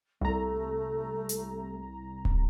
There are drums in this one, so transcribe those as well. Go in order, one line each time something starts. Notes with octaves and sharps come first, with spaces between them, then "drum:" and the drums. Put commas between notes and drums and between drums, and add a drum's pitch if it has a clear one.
C2 A3 A#5
drum: hi-hat
drum: kick D1